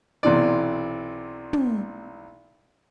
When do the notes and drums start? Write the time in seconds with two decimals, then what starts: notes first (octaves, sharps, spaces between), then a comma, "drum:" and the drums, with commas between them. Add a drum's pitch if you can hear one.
0.23 B1 C3 E3 D5
1.53 drum: tom